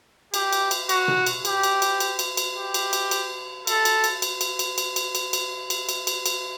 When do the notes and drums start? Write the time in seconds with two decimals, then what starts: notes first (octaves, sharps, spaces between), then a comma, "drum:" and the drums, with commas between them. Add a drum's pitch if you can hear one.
0.34 G4, drum: cymbal
0.53 drum: cymbal
0.71 drum: cymbal
0.89 F#4, drum: cymbal
1.08 drum: tom B2
1.26 drum: cymbal
1.45 G4, drum: cymbal
1.63 drum: cymbal
1.82 drum: cymbal
2.00 drum: cymbal
2.19 drum: cymbal
2.37 drum: cymbal
2.56 G4
2.74 drum: cymbal
2.93 drum: cymbal
3.11 drum: cymbal
3.67 A4, drum: cymbal
3.85 drum: cymbal
4.04 drum: cymbal
4.22 drum: cymbal
4.41 drum: cymbal
4.59 drum: cymbal
4.78 drum: cymbal
4.96 drum: cymbal
5.15 drum: cymbal
5.33 drum: cymbal
5.70 drum: cymbal
5.89 drum: cymbal
6.07 drum: cymbal
6.26 drum: cymbal